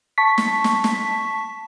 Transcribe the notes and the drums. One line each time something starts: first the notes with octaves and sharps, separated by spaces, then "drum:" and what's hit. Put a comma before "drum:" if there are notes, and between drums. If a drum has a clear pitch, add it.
A5 C#6 B6
drum: snare
drum: snare
drum: snare